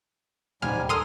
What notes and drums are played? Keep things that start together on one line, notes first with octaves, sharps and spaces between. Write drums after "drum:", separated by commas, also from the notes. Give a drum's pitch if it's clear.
G#2 G3 G#5 F6, drum: tom
A4 A#4 C6 D#6 F6